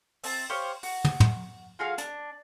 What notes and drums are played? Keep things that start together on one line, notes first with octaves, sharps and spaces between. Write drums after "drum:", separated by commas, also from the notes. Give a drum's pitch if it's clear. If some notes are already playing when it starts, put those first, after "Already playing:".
C4 E5 A5, drum: open hi-hat
G4 C5 C#5 F5
F#4, drum: open hi-hat
drum: tom
drum: tom
F4 F#4 G#4 F5
D4, drum: hi-hat